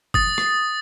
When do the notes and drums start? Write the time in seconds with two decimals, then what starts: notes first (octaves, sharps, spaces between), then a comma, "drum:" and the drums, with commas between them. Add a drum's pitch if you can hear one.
0.14 D#6 A6, drum: kick G1
0.38 drum: rim click